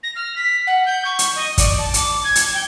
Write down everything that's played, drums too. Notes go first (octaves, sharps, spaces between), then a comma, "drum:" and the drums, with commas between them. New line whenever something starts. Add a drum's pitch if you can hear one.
A#6
F6
B6
F#5
G6
C#6
drum: hi-hat
D#5
D5, drum: kick, hi-hat
A5
D6, drum: hi-hat
G#6
drum: hi-hat
G5